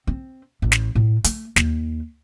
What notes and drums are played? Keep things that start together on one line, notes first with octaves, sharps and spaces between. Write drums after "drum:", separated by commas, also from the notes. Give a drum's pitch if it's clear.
C4
A1
drum: snare
A2
A3, drum: hi-hat
D#2, drum: snare